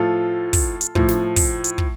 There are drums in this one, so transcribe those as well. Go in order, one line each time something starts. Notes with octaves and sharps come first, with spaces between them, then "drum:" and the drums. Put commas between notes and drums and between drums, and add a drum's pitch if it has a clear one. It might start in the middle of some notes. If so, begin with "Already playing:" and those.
Already playing: A2 F3 F4 A4
drum: kick, open hi-hat
drum: hi-hat
A2 F3, drum: kick
drum: snare
drum: kick, open hi-hat
drum: hi-hat
drum: kick